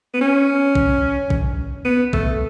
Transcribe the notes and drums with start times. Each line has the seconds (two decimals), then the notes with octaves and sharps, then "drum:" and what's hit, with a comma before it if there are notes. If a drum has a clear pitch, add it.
0.14 B3
0.21 C#4
0.75 drum: kick
1.30 drum: kick
1.85 B3
2.13 A3, drum: kick